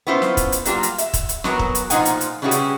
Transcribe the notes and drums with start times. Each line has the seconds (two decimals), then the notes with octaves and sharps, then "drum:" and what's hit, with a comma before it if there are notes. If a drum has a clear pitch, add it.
0.07 B3 C#4 E4 F4 C5
0.22 drum: snare
0.37 drum: kick, hi-hat
0.52 drum: hi-hat
0.65 F#3 G3 A#3 F4, drum: hi-hat
0.83 drum: hi-hat
0.98 E5, drum: hi-hat
1.14 drum: kick, hi-hat
1.29 drum: hi-hat
1.44 E3 F#3 B3 A#4, drum: snare
1.59 drum: kick
1.75 drum: hi-hat
1.90 A#2 F3 D4 D#4 F#5 G#5, drum: hi-hat
2.05 drum: hi-hat
2.21 drum: hi-hat
2.42 C#3 E3 G3 C#4 F#4 G#4
2.51 drum: hi-hat